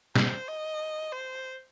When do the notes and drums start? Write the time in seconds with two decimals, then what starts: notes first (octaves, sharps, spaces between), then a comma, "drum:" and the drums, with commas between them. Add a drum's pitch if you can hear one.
0.15 C5, drum: snare
0.48 D#5
1.12 C5